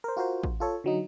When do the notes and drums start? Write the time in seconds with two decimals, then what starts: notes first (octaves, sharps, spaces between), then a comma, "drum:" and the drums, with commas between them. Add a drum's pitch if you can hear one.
0.04 A#4 C5
0.17 F4 F#4 A#4 C5
0.43 drum: kick A1
0.60 F4 A4 C#5
0.84 D3 F#3 D#4